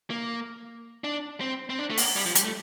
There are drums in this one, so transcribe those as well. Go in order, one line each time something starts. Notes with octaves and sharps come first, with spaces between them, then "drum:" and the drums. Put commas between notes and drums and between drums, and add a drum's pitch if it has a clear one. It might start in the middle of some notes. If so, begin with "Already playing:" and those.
A#3
D4
C4
C4
D4
A3
A#3, drum: open hi-hat
G3
F3
G3, drum: hi-hat
A3